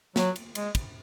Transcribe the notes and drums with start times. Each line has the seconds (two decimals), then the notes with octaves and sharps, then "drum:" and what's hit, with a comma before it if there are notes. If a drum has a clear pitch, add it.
0.16 F#3, drum: snare
0.36 drum: cymbal
0.55 G#3, drum: cymbal
0.75 drum: kick, cymbal